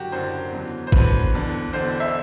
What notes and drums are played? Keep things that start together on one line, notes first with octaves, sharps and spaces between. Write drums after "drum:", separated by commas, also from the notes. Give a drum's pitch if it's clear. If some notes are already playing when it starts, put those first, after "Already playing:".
Already playing: F#1 F#2 D3 F#3 F#4 G4
F#1 F#2 D3 F#3 C5
E2 D3 F#3
C5
E2 D3 F#3 B4, drum: kick G#1
E1 E2 D3
E1 E2 D3 C5
E5